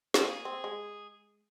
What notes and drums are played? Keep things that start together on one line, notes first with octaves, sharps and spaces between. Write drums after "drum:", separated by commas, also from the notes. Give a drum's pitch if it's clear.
C4, drum: snare
A#3 G#4
C4
G#3